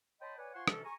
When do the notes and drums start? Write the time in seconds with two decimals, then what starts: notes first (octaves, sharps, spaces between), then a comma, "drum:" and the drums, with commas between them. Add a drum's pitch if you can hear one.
0.21 C#5 D#5 G5 A5 B5 C6
0.38 B4 C#5 D5 F#5 G#5
0.54 F4 C5 F#5 G#5 C6 C#6
0.68 D2 C3 E3 C#4 A4, drum: rim click
0.84 G#5 A#5 C#6